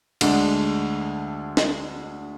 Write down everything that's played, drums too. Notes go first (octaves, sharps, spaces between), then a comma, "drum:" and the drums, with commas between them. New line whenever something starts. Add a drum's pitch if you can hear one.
D2 D3 G#3 D4, drum: cymbal
drum: snare D4